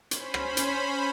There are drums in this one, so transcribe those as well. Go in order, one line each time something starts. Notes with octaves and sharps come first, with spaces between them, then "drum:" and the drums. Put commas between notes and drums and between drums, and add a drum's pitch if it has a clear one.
C#4 C5 B5, drum: hi-hat
drum: rim click
drum: hi-hat